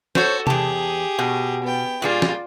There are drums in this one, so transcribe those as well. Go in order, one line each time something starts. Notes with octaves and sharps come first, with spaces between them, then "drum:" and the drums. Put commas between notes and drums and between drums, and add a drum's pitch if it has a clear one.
F#4 A4 C5 C#5, drum: snare
E2 G4 G#4 A5, drum: tom C3
B2
B3 G5
A#2 G3 F4 G#4 D5
drum: snare